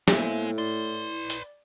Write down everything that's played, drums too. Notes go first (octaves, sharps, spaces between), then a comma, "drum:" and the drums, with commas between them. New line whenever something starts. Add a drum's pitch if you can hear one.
A2 G#3 A#3 B3 C5 E5, drum: snare
E4 B4 D5 C6
drum: hi-hat